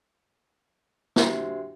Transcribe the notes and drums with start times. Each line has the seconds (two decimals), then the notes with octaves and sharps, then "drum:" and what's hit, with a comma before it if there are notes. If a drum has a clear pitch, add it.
1.16 D4 F#4 G4 C5 E5, drum: snare